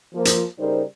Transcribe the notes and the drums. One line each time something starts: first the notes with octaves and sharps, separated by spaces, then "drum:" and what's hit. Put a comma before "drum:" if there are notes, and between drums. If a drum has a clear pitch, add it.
F3 A#3
drum: hi-hat
C#3 G3 D#4 A#4 C5